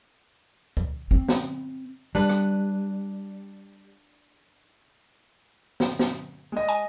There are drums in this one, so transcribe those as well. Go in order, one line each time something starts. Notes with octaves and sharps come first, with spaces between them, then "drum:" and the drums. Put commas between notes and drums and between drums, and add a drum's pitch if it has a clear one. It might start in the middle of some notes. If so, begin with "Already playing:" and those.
drum: kick C#2
C4
drum: snare
G3 D4 B4
drum: rim click
drum: snare
drum: snare
G#3 D#5
G#5